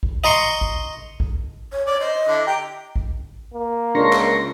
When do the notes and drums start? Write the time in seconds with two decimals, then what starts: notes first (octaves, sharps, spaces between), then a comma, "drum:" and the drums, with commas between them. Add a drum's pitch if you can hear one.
0.03 drum: kick A1
0.24 D#5 A#5 C6 C#6
0.61 drum: kick A1
1.20 drum: kick A1
1.72 C#5
1.87 C#5 D5
2.00 C5 D#5
2.27 D3 E4
2.47 G4 G5 A#5
2.96 drum: kick A1
3.54 A#3
3.95 C#2 D4 A#4 C6 C#6 A#6
4.13 drum: clap